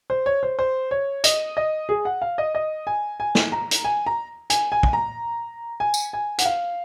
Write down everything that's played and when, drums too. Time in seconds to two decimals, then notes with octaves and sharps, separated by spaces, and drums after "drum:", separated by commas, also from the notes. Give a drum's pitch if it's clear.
0.10 C5
0.26 C#5
0.43 C5
0.59 C5
0.91 C#5
1.24 D#5, drum: hi-hat
1.57 D#5
1.89 G#4
2.05 F#5
2.22 F5
2.38 D#5
2.55 D#5
2.87 G#5
3.20 G#5
3.35 drum: snare
3.52 A#5
3.71 drum: hi-hat
3.85 G#5
4.07 A#5
4.50 G#5, drum: hi-hat
4.72 G#5
4.83 drum: kick
4.93 A#5
5.80 G#5
5.94 drum: tambourine
6.13 G#5
6.39 F#5, drum: hi-hat
6.46 F5